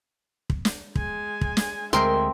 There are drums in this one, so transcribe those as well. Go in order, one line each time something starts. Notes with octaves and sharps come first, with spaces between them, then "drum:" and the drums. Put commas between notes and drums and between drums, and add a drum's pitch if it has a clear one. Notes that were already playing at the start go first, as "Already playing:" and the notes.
drum: kick
drum: snare
G#3 G#5, drum: kick
drum: kick
drum: snare
D2 G#3 C4 A#4 C5 E5 C6